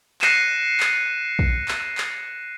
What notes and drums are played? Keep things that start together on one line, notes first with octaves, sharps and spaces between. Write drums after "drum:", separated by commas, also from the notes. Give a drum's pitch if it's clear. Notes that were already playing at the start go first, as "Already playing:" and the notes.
F#6 A#6 C7 C#7 D#7 E7, drum: clap
drum: clap
drum: kick
drum: clap
drum: clap